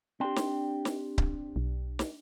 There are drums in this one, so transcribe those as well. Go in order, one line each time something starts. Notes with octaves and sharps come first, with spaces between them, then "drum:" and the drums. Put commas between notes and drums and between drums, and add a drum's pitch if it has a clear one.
C4 D4 G4 G5
drum: snare
drum: snare
drum: kick C#1
B1
drum: snare